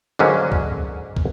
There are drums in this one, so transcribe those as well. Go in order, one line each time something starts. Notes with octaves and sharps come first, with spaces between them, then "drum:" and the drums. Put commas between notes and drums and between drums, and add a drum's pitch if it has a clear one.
G#2 D3 F#3 A#3 C#4
drum: kick
drum: kick